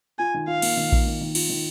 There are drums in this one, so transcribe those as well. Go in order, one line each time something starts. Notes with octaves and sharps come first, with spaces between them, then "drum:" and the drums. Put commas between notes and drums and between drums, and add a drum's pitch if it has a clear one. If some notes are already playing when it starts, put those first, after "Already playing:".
F4 G#5
D#3
F4 F5
A#3, drum: cymbal
D#3
A#3, drum: kick A#1
D#3
D#3
F4, drum: cymbal
D#3